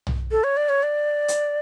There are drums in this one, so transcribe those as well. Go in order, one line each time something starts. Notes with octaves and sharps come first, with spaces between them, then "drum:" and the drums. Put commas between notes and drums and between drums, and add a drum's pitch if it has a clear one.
drum: tom
A4
C#5
D5
C#5
D5
drum: hi-hat